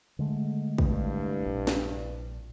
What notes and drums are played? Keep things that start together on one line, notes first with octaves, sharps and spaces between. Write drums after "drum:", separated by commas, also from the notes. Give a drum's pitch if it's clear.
D3 G#3 A3
C2 G2, drum: kick
A#1
drum: snare